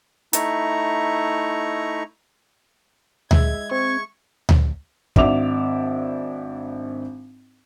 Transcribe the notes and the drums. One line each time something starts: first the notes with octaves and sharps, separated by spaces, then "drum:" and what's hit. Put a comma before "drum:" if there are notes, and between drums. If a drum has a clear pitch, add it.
A3 D#4 E4 A#5 C#6, drum: hi-hat
G#3 E5 G#6, drum: tom D2
C4 C#6 G#6
drum: tom D2
G#1 D4 E5 D6 F7, drum: kick